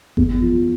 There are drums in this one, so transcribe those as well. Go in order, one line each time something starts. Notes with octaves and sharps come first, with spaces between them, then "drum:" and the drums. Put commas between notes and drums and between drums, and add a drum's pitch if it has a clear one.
E2, drum: kick G1
F3